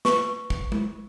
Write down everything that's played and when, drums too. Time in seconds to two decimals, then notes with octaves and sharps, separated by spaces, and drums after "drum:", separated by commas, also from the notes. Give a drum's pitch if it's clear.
0.05 B4 C#6, drum: snare
0.50 drum: kick
0.72 drum: tom G#3